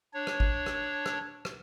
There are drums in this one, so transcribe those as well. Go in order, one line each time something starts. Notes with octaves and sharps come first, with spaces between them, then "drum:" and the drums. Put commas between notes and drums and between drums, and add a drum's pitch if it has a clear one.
D4 C#5
drum: rim click
drum: kick
drum: rim click
drum: rim click
drum: rim click